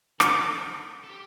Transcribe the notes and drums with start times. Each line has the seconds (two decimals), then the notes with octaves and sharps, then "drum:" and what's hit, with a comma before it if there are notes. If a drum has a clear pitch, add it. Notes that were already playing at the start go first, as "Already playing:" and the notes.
0.20 A4, drum: rim click
1.04 A4
1.09 G4